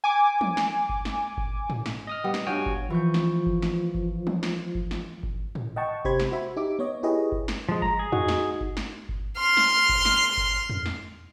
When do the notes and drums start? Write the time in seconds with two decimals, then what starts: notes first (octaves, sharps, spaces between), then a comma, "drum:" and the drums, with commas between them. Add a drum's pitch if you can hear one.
0.04 G#5 D6
0.41 drum: tom
0.57 drum: snare
0.89 drum: kick G1
1.05 drum: snare
1.37 drum: kick G1
1.70 drum: tom
1.86 drum: snare
2.07 D#5 D#6 F6
2.24 G3 B3
2.34 drum: snare
2.47 G2 F#4 C#5 G5 G#5
2.66 drum: kick G1
2.90 E3 F3 C#6 G6
3.14 drum: snare
3.46 drum: kick G1
3.62 drum: snare
3.95 drum: kick G1
4.27 drum: tom
4.43 drum: snare
4.75 drum: kick G1
4.91 drum: snare
5.23 drum: kick G1
5.55 drum: tom
5.76 D#5 F#5 G5 A5 C#6
6.05 C3 G4 C5 B5 G#6, drum: kick G1
6.20 drum: snare
6.32 F#4 C5 E5 B5
6.57 D#4 G4 E5 D6
6.79 B3 C#5 D#5
7.03 E4 G4 G#4 B4 C#5 D#5
7.32 drum: kick G1
7.48 drum: snare
7.69 F3 G#3
7.82 A#5, drum: kick G1
7.99 G#4
8.12 D#4 F#4, drum: tom
8.28 drum: snare
8.61 drum: kick G1
8.77 drum: snare
9.09 drum: kick G1
9.38 C6 F6
9.57 drum: snare
9.89 drum: kick G1
10.05 drum: snare
10.37 drum: kick G1
10.70 drum: tom
10.86 drum: snare